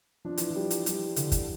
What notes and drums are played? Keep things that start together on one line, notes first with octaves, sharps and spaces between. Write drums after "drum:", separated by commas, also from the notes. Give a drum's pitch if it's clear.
F3 D4
E3, drum: hi-hat
F3
G3
drum: hi-hat
G3, drum: hi-hat
D3, drum: hi-hat
drum: kick, hi-hat